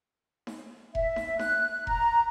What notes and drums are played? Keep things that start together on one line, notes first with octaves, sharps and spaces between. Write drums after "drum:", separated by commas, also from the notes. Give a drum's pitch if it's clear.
drum: snare D#4
E5, drum: kick F1
drum: snare D#4
F#6, drum: snare D#4
A#5, drum: kick F1